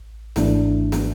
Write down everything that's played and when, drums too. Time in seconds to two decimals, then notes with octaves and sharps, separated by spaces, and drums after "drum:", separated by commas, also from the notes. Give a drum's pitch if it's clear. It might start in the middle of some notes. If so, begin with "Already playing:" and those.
Already playing: A1
0.36 G#1 G#2 E3 A3 D4 E4, drum: snare
0.92 drum: snare